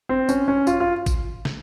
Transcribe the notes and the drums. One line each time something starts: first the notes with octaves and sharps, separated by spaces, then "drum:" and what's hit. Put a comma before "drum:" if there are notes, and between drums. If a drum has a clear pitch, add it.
C4
C#4, drum: tambourine
C#4
F4, drum: tambourine
F4
drum: kick, tambourine
drum: snare